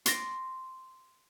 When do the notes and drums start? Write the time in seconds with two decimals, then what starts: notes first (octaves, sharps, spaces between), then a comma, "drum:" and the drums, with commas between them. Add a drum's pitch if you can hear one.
0.06 C6 D6 A6 A#6, drum: hi-hat